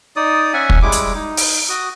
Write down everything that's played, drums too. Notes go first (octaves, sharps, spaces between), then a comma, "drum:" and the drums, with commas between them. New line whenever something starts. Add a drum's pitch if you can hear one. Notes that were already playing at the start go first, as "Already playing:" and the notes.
D#4 D5 D#6
C#4 E5 F#5 G#5
drum: kick
G3 G#3 E4 D6
drum: hi-hat
D#4
drum: open hi-hat
F#4 D#6